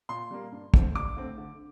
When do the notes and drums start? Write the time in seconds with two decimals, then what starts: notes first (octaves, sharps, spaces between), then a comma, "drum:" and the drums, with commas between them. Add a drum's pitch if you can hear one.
0.09 A#2 C6
0.31 G3 A#3
0.52 G2
0.74 D3 A3 C4, drum: kick
0.95 G2 D6
1.17 D3 A3 C4
1.38 D3